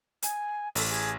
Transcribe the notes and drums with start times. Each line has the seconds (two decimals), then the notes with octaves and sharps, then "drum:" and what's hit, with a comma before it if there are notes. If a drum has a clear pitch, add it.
0.22 G#5, drum: hi-hat
0.75 A1 A4, drum: open hi-hat
0.89 G#4